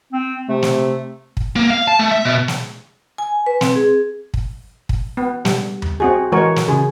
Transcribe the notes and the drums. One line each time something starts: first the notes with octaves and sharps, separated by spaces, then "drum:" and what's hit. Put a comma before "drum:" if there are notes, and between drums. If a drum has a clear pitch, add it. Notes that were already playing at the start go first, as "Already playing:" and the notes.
C4
C3 A3
drum: snare
drum: kick
A#3
F5
A5
A3
E5
B2
drum: snare
G#5
B4
C4, drum: snare
G#4
drum: kick
drum: kick
B3
G3, drum: snare
drum: tom D#2
C4 F#4 G#4
E3 G#3 F#4 A#4 C#5
drum: snare
C#3 G#4